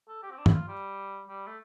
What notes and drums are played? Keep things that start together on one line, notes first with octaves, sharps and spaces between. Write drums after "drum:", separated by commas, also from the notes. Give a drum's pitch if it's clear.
A4
G4
C4
D4
E4, drum: tom
F4
G3
G3
A3